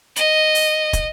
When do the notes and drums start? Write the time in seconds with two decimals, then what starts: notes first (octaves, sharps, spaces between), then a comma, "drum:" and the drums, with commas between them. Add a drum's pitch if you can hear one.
0.16 D#5, drum: hi-hat
0.55 drum: open hi-hat
0.93 drum: kick, hi-hat